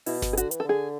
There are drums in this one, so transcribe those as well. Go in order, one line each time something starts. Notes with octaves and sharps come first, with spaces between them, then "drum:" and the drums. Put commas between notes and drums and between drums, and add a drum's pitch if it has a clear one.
B2 E4, drum: open hi-hat
drum: snare G1
G#4
D3 F#4, drum: hi-hat
E3, drum: hi-hat
A4
D3 G#4